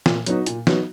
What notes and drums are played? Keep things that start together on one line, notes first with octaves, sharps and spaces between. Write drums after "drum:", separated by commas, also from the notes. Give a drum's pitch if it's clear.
A#2, drum: snare
F#3 B3 D#4 F#4, drum: hi-hat
A#2, drum: hi-hat
F#3 B3 D#4 F#4, drum: snare